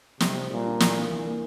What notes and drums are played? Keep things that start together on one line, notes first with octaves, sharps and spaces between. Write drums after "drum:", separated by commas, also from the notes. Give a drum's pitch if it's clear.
C3 G3, drum: snare
G3
A#2 G3
D4
E3, drum: snare
A#3
E3
A#3